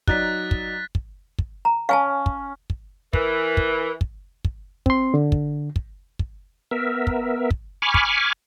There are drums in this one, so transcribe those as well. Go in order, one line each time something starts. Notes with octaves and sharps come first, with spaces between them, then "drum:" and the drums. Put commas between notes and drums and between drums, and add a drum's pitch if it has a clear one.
F#3 D#4 D5 F#6 A6 B6, drum: kick
drum: kick
drum: kick
drum: kick
A#5
C#4 F5 G#5 A5
drum: kick
drum: kick
E3 A#4, drum: kick
drum: kick
drum: kick
drum: kick
C4 C6, drum: kick
D3
drum: kick
drum: kick
drum: kick
B3 A#4 E5
drum: kick
drum: kick
G#5 B5 C#6 D6 F6
drum: kick